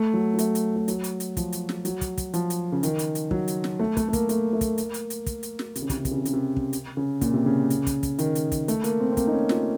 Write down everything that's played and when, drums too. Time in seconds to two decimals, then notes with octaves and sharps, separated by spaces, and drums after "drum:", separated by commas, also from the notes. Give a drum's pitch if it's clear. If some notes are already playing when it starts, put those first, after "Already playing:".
Already playing: A3
0.14 F#3
0.34 F#3
0.39 A3, drum: hi-hat
0.55 drum: hi-hat
0.76 A3
0.88 F#3, drum: hi-hat
1.04 drum: hi-hat
1.20 drum: hi-hat
1.37 F3, drum: kick, hi-hat
1.52 drum: hi-hat
1.69 drum: snare
1.85 F#3, drum: hi-hat
2.01 drum: kick, hi-hat
2.18 drum: kick, hi-hat
2.34 F3, drum: hi-hat
2.50 drum: hi-hat
2.72 C#3
2.83 D#3, drum: hi-hat
2.99 drum: hi-hat
3.15 drum: hi-hat
3.31 F#3, drum: kick
3.48 drum: hi-hat
3.64 drum: snare
3.80 A3
3.97 A3, drum: kick, hi-hat
4.09 A3
4.13 A#3, drum: kick, hi-hat
4.29 A3, drum: hi-hat
4.53 A3
4.61 A#3, drum: kick, hi-hat
4.78 drum: hi-hat
4.94 drum: hi-hat
5.10 drum: hi-hat
5.26 drum: kick, hi-hat
5.43 drum: hi-hat
5.59 drum: snare
5.76 C3, drum: hi-hat
5.82 C#3
5.90 C3, drum: kick, hi-hat
5.98 C#3
6.05 C3, drum: kick, hi-hat
6.11 C#3
6.18 C3
6.25 C#3, drum: hi-hat
6.34 C3
6.56 drum: kick
6.73 drum: hi-hat
6.97 C#3
7.21 A#2, drum: kick, hi-hat
7.34 C3
7.46 C#3
7.70 drum: hi-hat
7.87 drum: kick, hi-hat
8.03 drum: kick, hi-hat
8.19 D#3, drum: hi-hat
8.35 drum: hi-hat
8.52 drum: kick, hi-hat
8.68 A3, drum: hi-hat
8.84 A#3, drum: hi-hat
9.00 C4
9.12 C4
9.17 A#3, drum: kick, hi-hat
9.27 D#4
9.32 C#4
9.49 F4, drum: snare